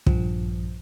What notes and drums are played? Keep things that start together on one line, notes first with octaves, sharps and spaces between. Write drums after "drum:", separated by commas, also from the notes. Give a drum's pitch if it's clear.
A#1 G2 F3, drum: kick